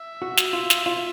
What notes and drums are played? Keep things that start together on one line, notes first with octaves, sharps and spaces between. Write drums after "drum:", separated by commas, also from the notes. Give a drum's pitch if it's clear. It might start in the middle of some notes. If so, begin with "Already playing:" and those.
Already playing: E5
F#4
drum: snare
F4
drum: snare
F4